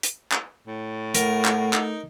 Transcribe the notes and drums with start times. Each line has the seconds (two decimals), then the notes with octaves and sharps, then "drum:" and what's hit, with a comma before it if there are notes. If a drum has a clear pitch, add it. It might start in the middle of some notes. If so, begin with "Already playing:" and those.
0.03 drum: hi-hat
0.32 drum: clap
0.67 A2
1.15 A3 A#4 F#5, drum: hi-hat
1.45 drum: clap
1.73 D#4, drum: clap